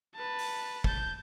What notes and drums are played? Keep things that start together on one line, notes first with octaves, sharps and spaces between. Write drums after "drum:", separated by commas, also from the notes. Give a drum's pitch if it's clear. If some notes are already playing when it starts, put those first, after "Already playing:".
B4 A5
drum: open hi-hat
A5 G6, drum: kick